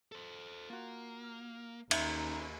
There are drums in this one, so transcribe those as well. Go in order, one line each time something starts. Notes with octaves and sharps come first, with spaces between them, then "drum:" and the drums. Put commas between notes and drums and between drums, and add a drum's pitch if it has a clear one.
A4 C5
A#3 F4 F#4
F6
D#2 C#4 D#4 E5, drum: cymbal